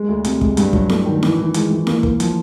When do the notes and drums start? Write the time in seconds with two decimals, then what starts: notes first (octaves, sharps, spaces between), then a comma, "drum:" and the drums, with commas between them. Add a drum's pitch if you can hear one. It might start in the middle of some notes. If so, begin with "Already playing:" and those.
Already playing: G#3
0.08 D2
0.25 C3, drum: hi-hat
0.41 G#3, drum: kick
0.57 G2, drum: hi-hat
0.73 F#3, drum: kick
0.89 A3, drum: snare E4
1.06 D#3
1.23 E3, drum: snare E4
1.38 E3
1.54 G#3, drum: hi-hat
1.71 E3
1.87 A#3, drum: snare E4
2.03 A#3, drum: kick
2.20 F3, drum: hi-hat